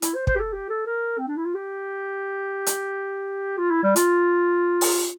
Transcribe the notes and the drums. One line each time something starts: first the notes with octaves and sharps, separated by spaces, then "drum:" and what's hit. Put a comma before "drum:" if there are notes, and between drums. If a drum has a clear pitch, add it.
E4, drum: hi-hat
C5
C5, drum: kick
G4
A4
G4
A4
A#4
C4
D4
E4
F4
G4
drum: hi-hat
F4
E4
G3
F4, drum: hi-hat
drum: open hi-hat